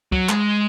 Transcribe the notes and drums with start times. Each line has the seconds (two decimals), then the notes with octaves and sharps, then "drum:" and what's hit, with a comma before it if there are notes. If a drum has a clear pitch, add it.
0.12 F#3, drum: kick
0.29 G#3, drum: clap